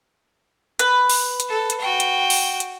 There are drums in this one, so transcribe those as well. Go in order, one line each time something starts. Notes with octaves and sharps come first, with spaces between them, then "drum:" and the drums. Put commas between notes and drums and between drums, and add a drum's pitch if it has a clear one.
B4, drum: hi-hat
drum: open hi-hat
drum: hi-hat
A4
drum: hi-hat
F#4 G5
drum: hi-hat
drum: open hi-hat
drum: hi-hat